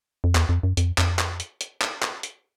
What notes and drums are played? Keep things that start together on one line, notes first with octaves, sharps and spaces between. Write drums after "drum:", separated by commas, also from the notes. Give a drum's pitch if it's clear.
F2
E2, drum: clap
F2
F#2
F2, drum: hi-hat
F2, drum: clap
drum: clap
drum: hi-hat
drum: hi-hat
drum: clap
drum: clap
drum: hi-hat